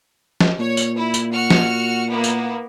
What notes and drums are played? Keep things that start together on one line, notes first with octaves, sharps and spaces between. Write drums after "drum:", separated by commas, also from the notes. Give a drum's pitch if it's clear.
drum: snare F3
A#2 C#5
drum: tambourine
E4
drum: tambourine
F#4 F6 C#7
drum: snare F3
A#3 B3 E4
drum: tambourine